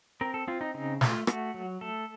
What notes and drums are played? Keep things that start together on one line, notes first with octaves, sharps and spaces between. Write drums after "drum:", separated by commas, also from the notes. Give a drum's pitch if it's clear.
C4 A#4
A4
C4 F4
D#4
C#3 D#4
A3 F4, drum: snare
A3 F#4, drum: rim click
F#3
A3 A4